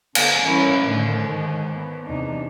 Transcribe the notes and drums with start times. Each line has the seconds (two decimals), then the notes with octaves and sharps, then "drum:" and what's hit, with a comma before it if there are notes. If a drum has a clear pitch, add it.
0.15 D3 B3 A4, drum: cymbal
0.45 E3 G3 C#4 E4 A#4 C#5
0.82 A2 D3 D#3
1.25 G#2 D#3
1.74 B3
2.07 E2 C3 D4 D#4